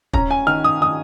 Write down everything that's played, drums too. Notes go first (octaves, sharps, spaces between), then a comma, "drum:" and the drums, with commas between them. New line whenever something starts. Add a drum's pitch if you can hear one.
C#4 A#5, drum: kick
G#5
D#3 F6
D#6
D#3 D#6